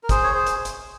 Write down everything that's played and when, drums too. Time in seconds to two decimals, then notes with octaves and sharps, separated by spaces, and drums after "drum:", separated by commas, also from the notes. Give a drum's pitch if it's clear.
0.03 A#4
0.09 G#4 C5, drum: kick, hi-hat
0.23 C#5
0.34 G#4 C5
0.47 drum: hi-hat
0.65 drum: hi-hat